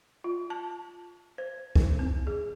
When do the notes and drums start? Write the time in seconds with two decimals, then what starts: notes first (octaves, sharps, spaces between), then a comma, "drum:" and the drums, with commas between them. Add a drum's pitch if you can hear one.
0.24 F4
0.50 A5
1.38 C5
1.75 drum: kick C2
1.99 C4
2.27 G#4